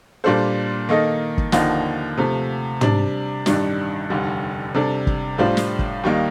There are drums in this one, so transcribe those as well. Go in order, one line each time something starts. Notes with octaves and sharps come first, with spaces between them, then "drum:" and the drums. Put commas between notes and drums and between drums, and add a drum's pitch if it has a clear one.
A#2 G3 D4 A4 C5
D#3 A#3 D#4 A4 D#5
drum: kick
D#2 D3 F3 A#3 D#4, drum: snare
C3 F3 A3
C3 G3 D4, drum: tom
A1 G2 D#3 G3 D4, drum: snare
F1 D#2 D3 G3
C3 G3 D4 A4
drum: kick
A2 G3 D4 F4 C5
drum: snare
drum: kick
D#2 D#3 G3 A#3 D#4